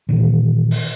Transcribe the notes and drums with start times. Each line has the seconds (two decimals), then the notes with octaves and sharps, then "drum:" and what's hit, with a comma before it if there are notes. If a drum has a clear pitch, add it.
0.09 A#2 D#3 E3
0.71 drum: open hi-hat